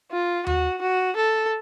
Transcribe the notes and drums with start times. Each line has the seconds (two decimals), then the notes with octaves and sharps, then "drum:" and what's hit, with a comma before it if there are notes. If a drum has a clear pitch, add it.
0.12 F4
0.47 F#4, drum: tom D#2
0.82 F#4
1.16 A4